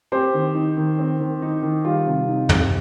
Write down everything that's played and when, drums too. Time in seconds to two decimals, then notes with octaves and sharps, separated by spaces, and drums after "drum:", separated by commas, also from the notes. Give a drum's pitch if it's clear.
0.12 C4 G4 C5
0.34 D#3
0.55 D#4
0.77 D#3
0.99 C4
1.20 D#3
1.42 D#4
1.62 D#3
1.85 G3 F4
2.06 C3
2.28 D#4
2.49 C3, drum: tom